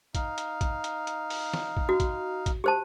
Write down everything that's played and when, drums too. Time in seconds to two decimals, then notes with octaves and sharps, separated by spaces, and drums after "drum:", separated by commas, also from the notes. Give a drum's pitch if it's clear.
0.15 D#4 F5, drum: kick, hi-hat
0.38 drum: hi-hat
0.61 drum: kick, hi-hat
0.84 drum: hi-hat
1.07 drum: hi-hat
1.30 drum: open hi-hat
1.54 drum: snare
1.77 drum: kick
1.89 F#4
2.00 drum: kick, hi-hat
2.46 drum: kick, hi-hat
2.64 G4 C5 A5